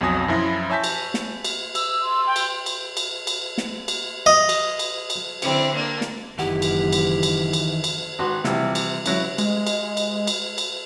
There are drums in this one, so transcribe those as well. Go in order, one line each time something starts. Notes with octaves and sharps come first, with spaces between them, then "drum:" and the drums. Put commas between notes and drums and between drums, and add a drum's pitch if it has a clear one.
B1 F2 F#3 G#5 D#6 A#6
F#2 F3 E4 F4 A#6
C#5 E5 G#5 A5 G6 B6
drum: cymbal
drum: snare
drum: cymbal
E6, drum: cymbal
C6
G5
drum: cymbal
drum: cymbal
drum: cymbal
drum: cymbal
drum: snare
drum: cymbal
D#5
drum: cymbal
drum: cymbal
drum: cymbal
D3 C4 E4, drum: cymbal
A#3 D4
drum: snare
F#1 D#3 E3 G4 F#5
drum: cymbal
drum: cymbal
drum: cymbal
drum: cymbal
drum: cymbal
G#1 F#4 B4 C6
C3 E3 F3 G3, drum: snare
drum: cymbal
C#3 F#3 E4, drum: cymbal
G#3, drum: cymbal
drum: cymbal
drum: cymbal
drum: cymbal
drum: cymbal